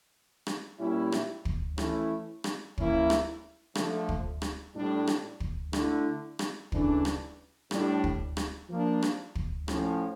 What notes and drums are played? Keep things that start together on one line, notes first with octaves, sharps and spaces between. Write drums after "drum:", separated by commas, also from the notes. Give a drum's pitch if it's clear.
drum: rim click
A#2 G3 C#4 E4
drum: rim click
drum: kick
E3 A3 C#4 E4, drum: rim click
drum: rim click
E3 A#3 C#4 E4, drum: kick
drum: rim click
D3 F3 A3, drum: rim click
drum: kick
drum: rim click
A2 G3 D4
drum: rim click
drum: kick
D3 A3 E4, drum: rim click
drum: rim click
C#3 E3 A3 D4, drum: kick
drum: rim click
A2 G3 D4, drum: rim click
drum: kick
drum: rim click
F3 A#3 D4
drum: rim click
drum: kick
A2 F3 C#4, drum: rim click